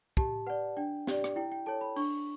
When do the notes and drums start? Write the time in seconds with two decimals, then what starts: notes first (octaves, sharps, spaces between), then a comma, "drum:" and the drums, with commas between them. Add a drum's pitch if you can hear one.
0.17 G4 A5, drum: kick
0.47 B4 D5 F#5
0.77 D4 G5
1.07 G4 D5, drum: snare
1.24 drum: rim click
1.36 E4 G5
1.52 G5
1.66 A4 C#5 A5
1.81 B5
1.96 D4 C#6, drum: open hi-hat